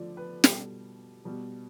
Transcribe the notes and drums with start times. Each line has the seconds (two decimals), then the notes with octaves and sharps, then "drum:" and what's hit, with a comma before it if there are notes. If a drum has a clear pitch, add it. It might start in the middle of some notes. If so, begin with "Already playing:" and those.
Already playing: D3 F3 A3 D5
0.17 B4
0.44 B2 G3 A4, drum: snare
1.25 B2 G3